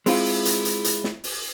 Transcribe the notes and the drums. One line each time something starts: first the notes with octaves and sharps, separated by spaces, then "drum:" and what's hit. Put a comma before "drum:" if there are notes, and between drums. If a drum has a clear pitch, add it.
G#3 C4 E4 F4, drum: open hi-hat
drum: open hi-hat
drum: hi-hat
drum: hi-hat
drum: hi-hat
drum: snare
drum: open hi-hat